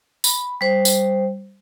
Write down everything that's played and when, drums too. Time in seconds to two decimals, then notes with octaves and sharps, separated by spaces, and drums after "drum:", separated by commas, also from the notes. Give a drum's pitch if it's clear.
0.24 B5, drum: tambourine
0.61 G3 C5
0.85 drum: tambourine